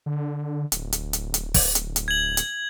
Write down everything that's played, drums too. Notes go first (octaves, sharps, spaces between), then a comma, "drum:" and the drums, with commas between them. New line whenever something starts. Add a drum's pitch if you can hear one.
D3
D1, drum: hi-hat
drum: hi-hat
drum: hi-hat
drum: hi-hat
drum: kick, open hi-hat
drum: hi-hat
drum: hi-hat
G#6 F#7
drum: hi-hat